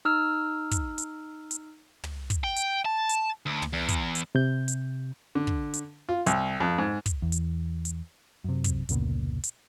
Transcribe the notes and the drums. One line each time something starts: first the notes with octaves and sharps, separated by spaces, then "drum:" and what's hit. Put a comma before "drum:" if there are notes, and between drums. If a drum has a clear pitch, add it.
D#4 E6 F6
drum: kick, hi-hat
drum: hi-hat
drum: hi-hat
drum: tom
drum: kick, hi-hat
G5
drum: hi-hat
A5
drum: hi-hat
D2
drum: tom
E2
drum: kick, hi-hat
drum: hi-hat
C3 G6
drum: hi-hat
D3
drum: kick
drum: hi-hat
F4
C2, drum: hi-hat
F2
G#2
drum: kick, hi-hat
E2
drum: hi-hat
drum: hi-hat
F#2 C3
drum: kick, hi-hat
F1 C#2 A#2 B3, drum: hi-hat
drum: hi-hat